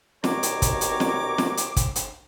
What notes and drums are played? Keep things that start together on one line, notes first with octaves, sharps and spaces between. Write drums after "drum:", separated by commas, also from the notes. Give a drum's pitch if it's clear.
C2 B2 D#3 C#5 A#5 D6, drum: snare
drum: hi-hat
drum: kick, hi-hat
drum: hi-hat
drum: snare
drum: snare
drum: hi-hat
drum: kick, hi-hat
drum: hi-hat